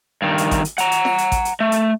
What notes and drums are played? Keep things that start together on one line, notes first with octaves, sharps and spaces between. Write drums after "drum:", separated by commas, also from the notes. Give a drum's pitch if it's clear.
G2 D#3
drum: hi-hat
drum: kick A1, hi-hat
drum: hi-hat
F#5 A#5, drum: hi-hat
drum: hi-hat
drum: snare
drum: hi-hat
drum: kick A1, hi-hat
drum: hi-hat
A3
drum: hi-hat